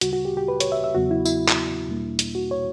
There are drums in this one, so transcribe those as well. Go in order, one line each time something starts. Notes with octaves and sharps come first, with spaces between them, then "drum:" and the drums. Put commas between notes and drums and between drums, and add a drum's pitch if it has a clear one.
D2 C#3 G3 F#4, drum: hi-hat
F#4
G4
G4
B4
C#5, drum: hi-hat
E5
E5
E2 C#3 F#3 B3 F#4
E4
E4, drum: tambourine
drum: clap
E2 B2 G3 A#3 D4
drum: hi-hat
F#4
C#5